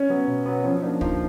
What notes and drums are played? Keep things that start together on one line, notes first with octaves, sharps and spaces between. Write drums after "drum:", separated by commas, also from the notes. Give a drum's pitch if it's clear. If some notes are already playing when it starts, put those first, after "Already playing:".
Already playing: C#4
F#3 B3
B2
F#3 B3
F3 C#4
A#3 D4 D#4
F3 D#4, drum: kick